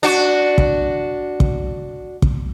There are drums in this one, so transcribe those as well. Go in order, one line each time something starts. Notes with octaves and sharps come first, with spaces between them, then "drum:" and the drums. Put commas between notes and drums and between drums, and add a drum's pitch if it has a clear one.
D4 F#4
drum: kick
drum: kick
drum: kick